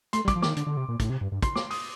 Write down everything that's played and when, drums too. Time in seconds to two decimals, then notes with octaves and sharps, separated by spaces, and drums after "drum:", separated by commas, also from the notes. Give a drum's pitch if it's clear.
0.13 A3 C6, drum: hi-hat
0.25 G3
0.28 D6, drum: kick, hi-hat
0.36 F3
0.42 D#3 D6, drum: snare
0.57 D3, drum: hi-hat
0.67 D3
0.77 C3
0.89 A#2
1.00 A2, drum: kick, hi-hat
1.10 C3
1.21 G2
1.32 G2
1.42 C6, drum: kick, hi-hat
1.56 D6, drum: snare
1.71 D#6, drum: open hi-hat